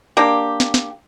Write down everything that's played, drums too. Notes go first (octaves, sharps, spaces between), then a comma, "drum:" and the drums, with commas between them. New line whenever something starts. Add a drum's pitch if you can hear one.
A#3 D4 G4
drum: snare
drum: snare